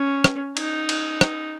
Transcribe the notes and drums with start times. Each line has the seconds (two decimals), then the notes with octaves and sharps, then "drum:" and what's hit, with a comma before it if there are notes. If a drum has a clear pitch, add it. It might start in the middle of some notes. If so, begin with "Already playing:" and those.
Already playing: C#4
0.24 drum: rim click
0.57 D#4, drum: cymbal
0.89 drum: cymbal
1.21 drum: rim click